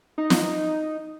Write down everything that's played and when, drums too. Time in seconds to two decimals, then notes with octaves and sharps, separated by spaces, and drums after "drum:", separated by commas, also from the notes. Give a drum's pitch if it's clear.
0.18 D#4
0.30 drum: snare